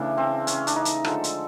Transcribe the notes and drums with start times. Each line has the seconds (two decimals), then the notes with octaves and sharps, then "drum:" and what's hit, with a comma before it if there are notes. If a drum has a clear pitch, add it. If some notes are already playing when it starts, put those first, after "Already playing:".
Already playing: C#3 E3 A3 D4
0.17 C4
0.47 C#4, drum: hi-hat
0.67 D4, drum: hi-hat
0.76 D#4
0.85 drum: hi-hat
1.05 D3 F3 G#3 A4, drum: rim click
1.24 drum: hi-hat